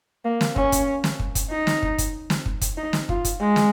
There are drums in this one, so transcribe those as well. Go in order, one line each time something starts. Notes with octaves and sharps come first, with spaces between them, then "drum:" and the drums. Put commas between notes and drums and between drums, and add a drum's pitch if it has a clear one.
A#3
drum: snare
C#4, drum: kick
drum: kick, hi-hat
drum: snare
drum: kick
drum: kick, hi-hat
D#4
drum: snare
drum: kick
drum: kick, hi-hat
drum: snare
drum: kick
drum: kick, hi-hat
D#4
drum: snare
F4, drum: kick
drum: kick, hi-hat
G#3
drum: snare